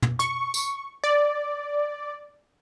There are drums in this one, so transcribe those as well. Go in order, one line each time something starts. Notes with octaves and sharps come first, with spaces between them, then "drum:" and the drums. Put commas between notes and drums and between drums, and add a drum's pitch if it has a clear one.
drum: tom
C#6, drum: hi-hat
drum: tambourine
D5